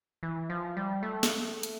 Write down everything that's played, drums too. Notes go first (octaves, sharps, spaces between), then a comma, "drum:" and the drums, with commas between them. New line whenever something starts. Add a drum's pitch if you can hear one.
E3
F3
G3
A3
drum: snare
drum: hi-hat